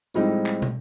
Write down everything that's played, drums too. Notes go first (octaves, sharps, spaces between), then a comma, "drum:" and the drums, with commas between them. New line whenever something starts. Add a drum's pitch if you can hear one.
A2 F3 G3 G#3 C4 D#4, drum: tambourine
drum: clap
drum: tom